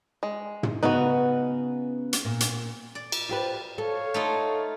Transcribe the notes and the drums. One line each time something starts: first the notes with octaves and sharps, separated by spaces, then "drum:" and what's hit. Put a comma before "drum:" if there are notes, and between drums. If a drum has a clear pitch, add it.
G#3
drum: tom
C#3 B3 D#4 F#4 B4
drum: hi-hat
A#2
drum: hi-hat
D5
drum: cymbal
F4 G4 B4
A4 C#5 F5
A3 D#4 F4